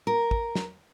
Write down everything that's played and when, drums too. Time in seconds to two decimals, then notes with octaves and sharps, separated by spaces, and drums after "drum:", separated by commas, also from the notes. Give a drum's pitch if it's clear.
0.07 A#4
0.31 drum: kick
0.55 drum: snare